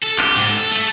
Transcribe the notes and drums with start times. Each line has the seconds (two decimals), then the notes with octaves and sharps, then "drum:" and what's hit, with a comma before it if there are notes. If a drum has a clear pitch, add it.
0.02 A4
0.19 G4, drum: clap
0.36 G#2
0.50 A4, drum: hi-hat
0.72 A3